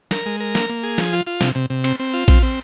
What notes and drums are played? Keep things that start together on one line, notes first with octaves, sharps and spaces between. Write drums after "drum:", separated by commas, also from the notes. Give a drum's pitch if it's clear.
A#4, drum: snare
G#3
A#4
A#3, drum: snare
A#3
G#4
F3, drum: snare
F4
F4
C3, drum: snare
C3
C3
C4, drum: cymbal
C4
F4
C4, drum: kick A#1, cymbal
C4